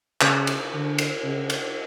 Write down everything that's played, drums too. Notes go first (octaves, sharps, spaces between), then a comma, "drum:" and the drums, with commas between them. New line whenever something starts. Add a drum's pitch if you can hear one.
C#3, drum: clap
drum: cymbal
D3
drum: cymbal
C#3
drum: cymbal